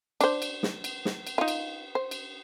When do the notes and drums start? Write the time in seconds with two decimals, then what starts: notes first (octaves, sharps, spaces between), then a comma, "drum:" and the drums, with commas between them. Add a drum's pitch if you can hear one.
0.21 D4 C5, drum: cymbal
0.42 drum: cymbal
0.63 drum: snare
0.84 drum: cymbal
1.05 drum: snare
1.27 drum: cymbal
1.38 D#4 F4
1.48 drum: cymbal
1.95 C5
2.11 drum: cymbal